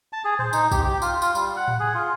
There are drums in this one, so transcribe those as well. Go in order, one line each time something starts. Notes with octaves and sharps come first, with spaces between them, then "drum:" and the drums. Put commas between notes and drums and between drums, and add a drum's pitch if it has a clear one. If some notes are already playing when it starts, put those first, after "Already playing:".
A5
G#4
C5, drum: tom A2
D#4, drum: tambourine
G4, drum: kick, tambourine
G4
F4, drum: tambourine
F4, drum: tambourine
G3, drum: tambourine
F#5
drum: tom A2
G#4
F4